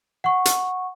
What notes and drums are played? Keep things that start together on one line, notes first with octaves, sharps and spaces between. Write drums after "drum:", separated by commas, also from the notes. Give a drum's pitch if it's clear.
F#5 C#6
drum: hi-hat